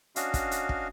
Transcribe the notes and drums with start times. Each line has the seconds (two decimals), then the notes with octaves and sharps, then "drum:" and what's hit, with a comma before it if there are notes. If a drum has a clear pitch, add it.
0.16 C#4 D4 F#4 D#5 F5, drum: hi-hat
0.34 drum: kick, hi-hat
0.51 drum: hi-hat
0.69 drum: kick